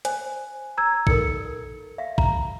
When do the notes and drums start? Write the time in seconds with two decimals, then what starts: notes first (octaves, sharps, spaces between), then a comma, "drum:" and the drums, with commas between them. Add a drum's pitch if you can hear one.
0.05 C5 G#5, drum: hi-hat
0.77 A#5 E6 G#6
1.07 D#4 A4 A#4 C#7, drum: kick
1.98 E5 F5
2.18 A#5, drum: kick